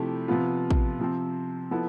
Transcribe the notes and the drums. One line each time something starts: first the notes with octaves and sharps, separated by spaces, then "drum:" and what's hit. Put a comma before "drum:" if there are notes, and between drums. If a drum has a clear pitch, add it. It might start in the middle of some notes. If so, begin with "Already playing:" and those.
Already playing: C3 F3 A3 E4 G4
C3 F3 B3 F4
drum: kick
C3 F3 C4
F3 B3 E4 A4